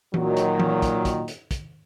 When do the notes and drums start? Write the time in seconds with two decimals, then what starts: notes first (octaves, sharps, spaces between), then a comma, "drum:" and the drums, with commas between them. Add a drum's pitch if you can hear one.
0.14 A#2 D#3 F#3, drum: tom E3
0.37 drum: hi-hat
0.59 drum: tom E3
0.82 drum: kick, hi-hat
1.05 drum: kick, hi-hat
1.28 drum: hi-hat
1.51 drum: kick, hi-hat